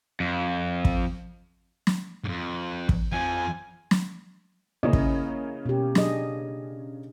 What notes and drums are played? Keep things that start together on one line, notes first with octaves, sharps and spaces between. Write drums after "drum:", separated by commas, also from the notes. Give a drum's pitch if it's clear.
F2
drum: kick
drum: snare
F2 G#2
drum: kick
F2 F3 G#5
drum: snare
C#3 A#3 C#4 E4 D#5
drum: kick
B2 G4
D4 G#4 D#5, drum: snare